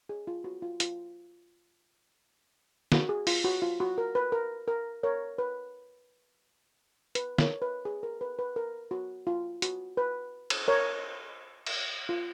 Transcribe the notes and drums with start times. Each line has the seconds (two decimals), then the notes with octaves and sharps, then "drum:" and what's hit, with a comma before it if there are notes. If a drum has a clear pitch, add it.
0.09 G#4
0.27 F4
0.44 F#4
0.62 F4
0.80 F4, drum: hi-hat
2.92 F#4, drum: snare
3.09 G#4
3.27 F4, drum: open hi-hat
3.44 F#4
3.62 F4
3.80 F#4
3.98 A#4
4.15 B4
4.32 A#4
4.68 A#4
5.03 A#4 C#5
5.38 B4
7.15 B4, drum: hi-hat
7.38 A#4 C#5, drum: snare
7.62 B4
7.85 G#4
8.03 A#4
8.21 B4
8.39 B4
8.56 A#4
8.91 F#4
9.27 F4
9.62 F#4, drum: hi-hat
9.97 B4
10.50 drum: cymbal
10.68 A#4 C#5
11.66 drum: cymbal
12.09 F4